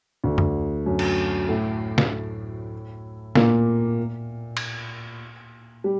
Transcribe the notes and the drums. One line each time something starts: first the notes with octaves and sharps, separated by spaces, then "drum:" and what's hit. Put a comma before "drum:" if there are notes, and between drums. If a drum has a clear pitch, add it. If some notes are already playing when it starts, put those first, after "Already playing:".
D2 D3
drum: tom F2
F#2 F#3
drum: cymbal
A2 A3
drum: snare
A#2 A#3, drum: snare
drum: cymbal
G3